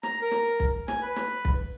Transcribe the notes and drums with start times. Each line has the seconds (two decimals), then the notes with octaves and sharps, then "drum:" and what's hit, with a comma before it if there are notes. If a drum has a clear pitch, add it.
0.03 A#5, drum: snare
0.22 A#4
0.31 drum: snare
0.60 drum: kick B1
0.88 G#5, drum: snare
1.02 B4
1.16 drum: snare
1.45 drum: kick B1